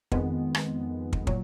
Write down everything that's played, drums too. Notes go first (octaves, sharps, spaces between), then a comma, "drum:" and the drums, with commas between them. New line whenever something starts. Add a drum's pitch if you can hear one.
F2 D#3 G#3 B3, drum: kick
drum: rim click
drum: kick
A#2 F#3, drum: kick